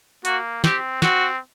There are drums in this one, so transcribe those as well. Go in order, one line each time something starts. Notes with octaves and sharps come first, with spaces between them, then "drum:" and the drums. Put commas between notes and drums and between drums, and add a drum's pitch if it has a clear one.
A#3 F#4, drum: hi-hat
C4 G4, drum: snare
C4 F#4, drum: snare